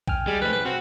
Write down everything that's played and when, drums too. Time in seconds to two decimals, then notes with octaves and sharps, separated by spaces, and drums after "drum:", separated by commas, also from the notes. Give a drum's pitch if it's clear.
0.08 G5 G#5 F6, drum: kick
0.27 G3 G#3
0.41 F2 A3 B4
0.53 B1 B4
0.65 C4 F#4